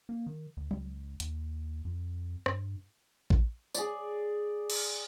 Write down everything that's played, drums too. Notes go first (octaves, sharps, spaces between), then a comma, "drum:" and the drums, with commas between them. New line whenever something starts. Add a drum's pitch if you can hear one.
A#3
D#3
D2
C#2, drum: tom F#3
D#2, drum: hi-hat
F2
G2, drum: rim click
drum: kick A1
G#4 D5, drum: tambourine
drum: cymbal